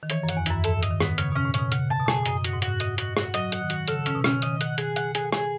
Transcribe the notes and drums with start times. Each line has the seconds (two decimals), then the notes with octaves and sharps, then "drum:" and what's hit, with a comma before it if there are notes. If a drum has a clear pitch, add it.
0.03 D#3
0.10 E3 C#5, drum: hi-hat
0.23 F#2
0.29 F#5, drum: hi-hat
0.37 E2
0.46 F#2 E4, drum: hi-hat
0.64 G#2 A4, drum: hi-hat
0.83 D#5, drum: hi-hat
0.91 D#3
1.01 B3, drum: rim click
1.18 C#3 C#5, drum: hi-hat
1.32 B2 C#4
1.45 A2
1.54 B2 C#4, drum: hi-hat
1.72 C#3 F#5, drum: hi-hat
1.90 A5
1.99 B2
2.08 G#4, drum: rim click
2.26 F#2 D#5, drum: hi-hat
2.44 F#4, drum: hi-hat
2.53 G#2
2.62 F#4, drum: hi-hat
2.80 D#5, drum: hi-hat
2.98 F#4, drum: hi-hat
3.17 F#4, drum: rim click
3.34 F#3 D#5, drum: hi-hat
3.52 F#5, drum: hi-hat
3.61 D#3
3.70 F#4, drum: hi-hat
3.88 C#3 A4, drum: hi-hat
4.06 C#4, drum: hi-hat
4.15 B2
4.24 C#4, drum: rim click
4.42 D#3 D#5, drum: hi-hat
4.61 F#5, drum: hi-hat
4.78 G#4, drum: hi-hat
4.96 F#5, drum: hi-hat
5.15 G#4, drum: hi-hat
5.33 G#4, drum: rim click